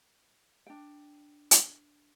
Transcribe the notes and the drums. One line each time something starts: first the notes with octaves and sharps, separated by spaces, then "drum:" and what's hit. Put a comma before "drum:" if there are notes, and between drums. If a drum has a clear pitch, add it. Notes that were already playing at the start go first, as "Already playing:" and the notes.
D4 G5
drum: hi-hat